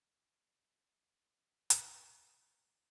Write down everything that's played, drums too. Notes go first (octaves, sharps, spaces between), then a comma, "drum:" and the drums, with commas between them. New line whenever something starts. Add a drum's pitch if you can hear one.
drum: hi-hat
D#3 F3 A3 C6 C#7